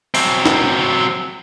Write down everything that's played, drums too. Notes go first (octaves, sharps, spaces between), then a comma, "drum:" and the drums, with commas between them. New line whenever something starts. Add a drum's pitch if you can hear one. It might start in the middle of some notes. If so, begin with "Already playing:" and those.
F#3 C4, drum: open hi-hat
drum: snare